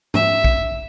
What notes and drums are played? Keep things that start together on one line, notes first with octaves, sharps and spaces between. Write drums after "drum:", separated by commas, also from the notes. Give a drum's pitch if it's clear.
E5, drum: tom
drum: kick A#1